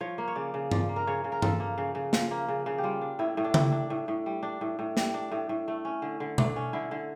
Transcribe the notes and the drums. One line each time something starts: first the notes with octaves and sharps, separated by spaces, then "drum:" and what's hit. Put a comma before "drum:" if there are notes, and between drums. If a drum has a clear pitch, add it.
F3 C#5
A#3
C#5
C#3 D5
C#3
F3 D5, drum: tom G2
A#3
A#4
C#3 C#5
C#3
A#4
F3 A4, drum: tom G2
A#3
C#3
C#3
F3, drum: snare
A#3
C#3
C#3
G4
G3 F4
D4
A2 E4
A2
D4
G3 E4, drum: tom C#3
D4
A2
A2
G3
D4
A2
A2
G3, drum: snare
D4
A2
A2
A3
C#4
D3
D3
A3 D4, drum: tom B2
C#4
D3 E4
D3